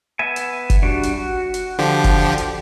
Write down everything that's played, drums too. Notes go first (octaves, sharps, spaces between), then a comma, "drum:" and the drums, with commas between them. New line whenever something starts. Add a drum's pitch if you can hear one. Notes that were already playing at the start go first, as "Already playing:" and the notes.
B3 E5 G#5
drum: hi-hat
drum: kick F#1, hi-hat
G3 D4 F#4
drum: hi-hat
F#4
drum: hi-hat
D3 F3 G4
drum: kick F#1, hi-hat
drum: hi-hat